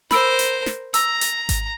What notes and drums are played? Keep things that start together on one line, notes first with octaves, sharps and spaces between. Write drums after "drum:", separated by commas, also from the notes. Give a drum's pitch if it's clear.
A#4 C5 B5 E6 D7, drum: snare
drum: hi-hat
drum: snare
A#5 E6, drum: hi-hat
drum: hi-hat
drum: kick G#1, hi-hat